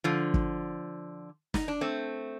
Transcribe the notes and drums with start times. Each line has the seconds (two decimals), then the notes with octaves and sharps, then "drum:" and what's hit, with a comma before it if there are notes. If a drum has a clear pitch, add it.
0.04 D3 F3
0.34 drum: kick
1.54 D#4, drum: snare
1.68 D4
1.81 A3 C4